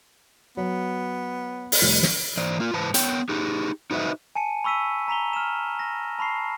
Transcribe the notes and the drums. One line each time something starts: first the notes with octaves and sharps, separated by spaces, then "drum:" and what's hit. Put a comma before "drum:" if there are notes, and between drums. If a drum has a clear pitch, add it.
F#3 B3
drum: open hi-hat
F1 G3
drum: snare
E3 C5 D5
A#3 F4
G#2 E3 B4 C5 A5
B3 C#5 G5, drum: hi-hat
D#4 G4 G#4
D#4 F#4 B4 C5 D#5 E5
G#5 A5 C#7 D#7
B5 C#6 E6 B6 D#7
A#5 B6 F7 G7
F6 E7
A#6
A5 B5 C#6 C7